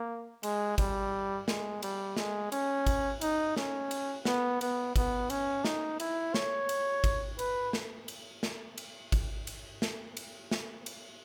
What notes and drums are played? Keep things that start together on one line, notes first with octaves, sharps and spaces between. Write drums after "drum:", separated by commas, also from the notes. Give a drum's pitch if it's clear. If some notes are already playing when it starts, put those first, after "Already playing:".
Already playing: A#3
G#3, drum: cymbal
G3, drum: kick G#1, cymbal
G#3, drum: snare
G3, drum: cymbal
G#3, drum: snare
C#4, drum: cymbal
drum: kick G#1, cymbal
D#4, drum: cymbal
C#4, drum: snare
drum: cymbal
B3, drum: snare
B3, drum: cymbal
B3, drum: kick G#1, cymbal
C#4, drum: cymbal
D#4, drum: snare
E4, drum: cymbal
C#5, drum: snare
drum: cymbal
drum: kick G#1, cymbal
B4, drum: cymbal
drum: snare
drum: cymbal
drum: snare
drum: cymbal
drum: kick G#1, cymbal
drum: cymbal
drum: snare
drum: cymbal
drum: snare
drum: cymbal